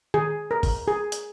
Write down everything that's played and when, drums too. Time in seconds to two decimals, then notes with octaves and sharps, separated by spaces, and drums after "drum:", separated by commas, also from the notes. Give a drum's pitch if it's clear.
0.14 G#4, drum: tom D#3
0.51 A#4
0.63 drum: kick, open hi-hat
0.88 G#4
1.12 drum: hi-hat